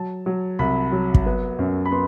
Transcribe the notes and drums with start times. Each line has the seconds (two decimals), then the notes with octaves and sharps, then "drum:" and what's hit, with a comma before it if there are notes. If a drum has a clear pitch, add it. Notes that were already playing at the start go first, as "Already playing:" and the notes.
Already playing: F#3 A5
0.26 F#3
0.59 C2 B5
0.92 F#3
1.14 drum: kick
1.26 B3
1.59 F#2
1.85 B5
1.92 B3 C6